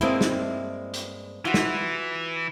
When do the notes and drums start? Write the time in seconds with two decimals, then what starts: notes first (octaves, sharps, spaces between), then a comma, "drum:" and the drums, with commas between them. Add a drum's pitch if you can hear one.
0.01 G2 G#3 A#3 C4 E4
0.21 drum: snare
0.94 drum: hi-hat
1.45 E3 F4 F#4
1.54 drum: snare